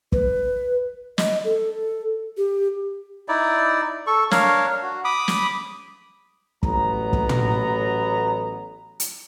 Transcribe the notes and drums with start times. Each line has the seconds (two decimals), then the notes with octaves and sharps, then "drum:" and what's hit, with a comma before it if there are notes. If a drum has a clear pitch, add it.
0.12 B4, drum: kick
1.18 D#5, drum: snare
1.44 A4
2.37 G4
3.28 D#4 E4 D5
4.07 A4 C#6
4.31 D4 A#4 C#5 F5, drum: snare
4.83 F#4
5.04 B5 D6 D#6
5.28 drum: snare
6.63 A1 A2 F#3 B3 A#5, drum: kick
7.13 drum: kick
7.29 drum: tom
9.00 drum: hi-hat